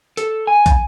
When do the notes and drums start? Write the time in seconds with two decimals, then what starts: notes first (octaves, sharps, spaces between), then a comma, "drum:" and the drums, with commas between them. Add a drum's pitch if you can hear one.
0.17 A4, drum: hi-hat
0.47 G#5
0.66 drum: kick, hi-hat